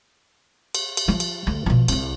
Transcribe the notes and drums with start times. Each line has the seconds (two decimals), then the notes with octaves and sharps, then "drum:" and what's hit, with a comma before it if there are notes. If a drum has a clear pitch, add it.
0.75 drum: cymbal
0.97 drum: cymbal
1.08 F3
1.20 drum: cymbal
1.47 D2
1.66 B2 F3
1.88 C2 C4, drum: cymbal